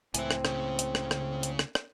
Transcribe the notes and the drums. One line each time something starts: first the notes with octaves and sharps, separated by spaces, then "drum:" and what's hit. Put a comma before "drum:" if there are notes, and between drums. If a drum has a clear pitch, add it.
C#2 A2 C4 E5 G#5, drum: hi-hat
drum: rim click
C#3, drum: rim click
drum: hi-hat
drum: rim click
drum: rim click
drum: hi-hat
drum: rim click
drum: rim click